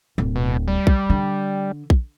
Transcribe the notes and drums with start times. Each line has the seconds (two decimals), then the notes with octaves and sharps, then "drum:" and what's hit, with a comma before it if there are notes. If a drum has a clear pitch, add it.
0.18 D1
0.35 B2
0.68 G3
0.87 drum: kick A#1
1.10 D3
1.90 drum: kick A#1